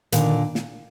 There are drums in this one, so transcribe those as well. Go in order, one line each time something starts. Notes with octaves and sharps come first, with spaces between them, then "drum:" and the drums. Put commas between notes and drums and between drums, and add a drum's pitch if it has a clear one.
A#2 D3 D#3, drum: hi-hat
drum: snare